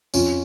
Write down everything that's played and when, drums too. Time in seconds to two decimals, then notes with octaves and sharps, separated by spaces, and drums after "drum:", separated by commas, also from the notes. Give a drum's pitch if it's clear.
0.14 F2 F3 C#4 F4, drum: tambourine